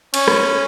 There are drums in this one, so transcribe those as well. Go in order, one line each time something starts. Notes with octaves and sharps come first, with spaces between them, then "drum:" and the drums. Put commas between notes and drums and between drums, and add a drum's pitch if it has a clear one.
C#4, drum: cymbal
drum: rim click